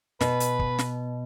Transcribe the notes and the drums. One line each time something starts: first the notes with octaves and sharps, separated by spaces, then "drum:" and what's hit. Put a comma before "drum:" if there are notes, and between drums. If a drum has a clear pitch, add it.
B2 B4, drum: snare
drum: hi-hat
drum: kick
drum: snare